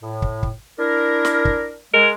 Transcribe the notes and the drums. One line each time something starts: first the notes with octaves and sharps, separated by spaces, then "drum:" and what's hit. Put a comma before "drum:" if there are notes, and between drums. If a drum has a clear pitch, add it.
A2
drum: kick
drum: kick
D4 E4 A#4
drum: snare
drum: kick
G#3 A#4